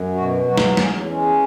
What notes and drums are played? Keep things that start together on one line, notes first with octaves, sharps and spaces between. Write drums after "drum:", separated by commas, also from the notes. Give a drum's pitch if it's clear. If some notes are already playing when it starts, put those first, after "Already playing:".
Already playing: F#2
B2 F#4
F#3 F#4
drum: snare
E2 C#4, drum: snare
G#3 C#4